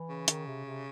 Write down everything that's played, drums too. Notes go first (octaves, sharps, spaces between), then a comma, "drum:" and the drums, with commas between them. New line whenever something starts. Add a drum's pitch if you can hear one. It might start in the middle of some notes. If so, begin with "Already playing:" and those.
Already playing: E3
C#3
D#3, drum: hi-hat
C3
C3